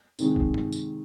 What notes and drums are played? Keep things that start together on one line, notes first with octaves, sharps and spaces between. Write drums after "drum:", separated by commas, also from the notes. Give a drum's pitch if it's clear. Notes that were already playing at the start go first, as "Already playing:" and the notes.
C3 D#3 G#3, drum: tambourine
drum: kick A#1
drum: tom
drum: tambourine